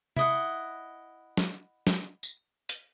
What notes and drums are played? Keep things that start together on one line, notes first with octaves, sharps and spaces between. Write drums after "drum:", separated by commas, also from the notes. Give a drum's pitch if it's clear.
E4 D#5 F#5, drum: tom C3
drum: snare
drum: snare
drum: tambourine
drum: hi-hat